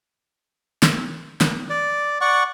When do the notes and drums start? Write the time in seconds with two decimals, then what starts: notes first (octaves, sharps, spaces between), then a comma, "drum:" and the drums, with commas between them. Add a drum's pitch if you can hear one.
0.83 drum: snare
1.41 drum: snare
1.70 D5
2.21 D5 F#5 C#6